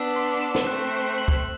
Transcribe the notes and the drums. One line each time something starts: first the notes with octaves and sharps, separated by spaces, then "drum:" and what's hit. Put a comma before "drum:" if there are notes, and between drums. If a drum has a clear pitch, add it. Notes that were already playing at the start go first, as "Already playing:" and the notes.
Already playing: B3 D4 E6
C6
E7
drum: snare
A3 C4 F#6
F#6
F#7
drum: kick